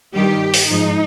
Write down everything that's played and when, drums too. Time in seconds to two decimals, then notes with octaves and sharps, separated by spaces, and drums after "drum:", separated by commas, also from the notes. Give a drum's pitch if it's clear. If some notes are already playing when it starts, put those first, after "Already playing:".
0.14 G2 D#3 G3 G4
0.54 drum: open hi-hat
0.67 G#2 F3 G#3 D#4